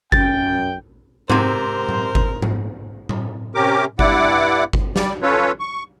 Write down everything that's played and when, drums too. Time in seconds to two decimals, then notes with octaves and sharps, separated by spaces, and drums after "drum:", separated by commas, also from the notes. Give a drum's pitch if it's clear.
0.12 F#2 C#4 G5 A6, drum: kick G1
1.30 G#2 C3 C4 A#4 C5, drum: tom G#2
1.89 drum: tom A2
2.15 drum: kick G1
2.42 drum: tom G#2
3.09 drum: tom A2
3.55 C3 C#4 G4 A#4 D6
3.99 G2 E4 D5 F#5 D6, drum: kick G1
4.73 drum: kick G1
4.96 G3 D5, drum: snare
5.22 C#4 F4 A4 B4 C#5
5.60 C#6